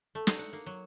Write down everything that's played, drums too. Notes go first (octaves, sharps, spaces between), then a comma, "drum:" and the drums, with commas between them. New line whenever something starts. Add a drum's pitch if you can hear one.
A3
D#4, drum: snare
F#5
A#3
F#3